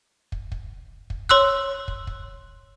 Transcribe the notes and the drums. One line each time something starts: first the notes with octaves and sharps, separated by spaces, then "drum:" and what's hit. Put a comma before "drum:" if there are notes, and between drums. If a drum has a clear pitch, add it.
drum: kick
drum: kick
drum: kick
C#5 C6 E6 F#6, drum: kick
drum: kick
drum: kick